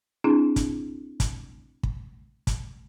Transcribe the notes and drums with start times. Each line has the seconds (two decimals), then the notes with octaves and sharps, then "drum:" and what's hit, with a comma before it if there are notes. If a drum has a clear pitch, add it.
0.24 C4 D4 E4 G#4
0.56 drum: kick, hi-hat
1.20 drum: kick, hi-hat
1.83 drum: kick
2.47 drum: kick, hi-hat